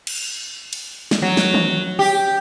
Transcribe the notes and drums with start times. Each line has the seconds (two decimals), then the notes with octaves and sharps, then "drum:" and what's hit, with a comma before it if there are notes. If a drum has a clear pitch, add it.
0.07 drum: cymbal
0.73 drum: cymbal
1.11 drum: snare
1.22 F#3
1.37 drum: snare
1.54 drum: tom
1.99 G4